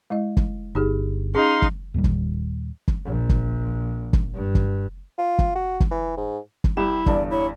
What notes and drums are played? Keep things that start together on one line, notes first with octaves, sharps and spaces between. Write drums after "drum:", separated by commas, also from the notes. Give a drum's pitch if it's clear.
G#3 E4 D#5
drum: kick
G1 D#4 G4 G#4
C#4 D#4 G#4 F5 C6
drum: kick
D#2 A#2 D#3 G3
drum: kick
drum: kick
A#1
drum: kick
drum: kick
G2
drum: kick
F4
drum: kick
F#4
drum: kick
E3
G#2
drum: kick
C2 E4 G4 E7
E2 G2 D3 D5, drum: kick
E4 C#5